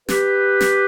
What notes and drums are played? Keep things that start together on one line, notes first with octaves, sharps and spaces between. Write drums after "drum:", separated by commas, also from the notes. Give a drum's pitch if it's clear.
G4 B4, drum: snare
drum: snare